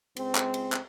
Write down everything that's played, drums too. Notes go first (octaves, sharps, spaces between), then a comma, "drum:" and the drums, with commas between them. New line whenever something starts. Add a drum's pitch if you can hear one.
C#2 G#3 C4, drum: cymbal
drum: clap
drum: cymbal
drum: clap